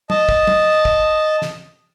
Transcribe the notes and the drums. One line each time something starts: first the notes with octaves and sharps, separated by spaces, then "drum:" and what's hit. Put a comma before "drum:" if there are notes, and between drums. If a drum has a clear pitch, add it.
D#5 A5, drum: tom
drum: kick
drum: tom
drum: kick
drum: snare